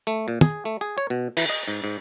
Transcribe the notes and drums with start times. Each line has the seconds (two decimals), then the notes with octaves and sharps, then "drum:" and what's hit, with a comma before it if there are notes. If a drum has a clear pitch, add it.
0.07 A3
0.28 A#2
0.41 G#4, drum: tom
0.65 A3
0.81 G#4
0.98 C#5
1.10 B2
1.37 E3, drum: cymbal
1.50 D#5
1.68 G#2
1.84 G#2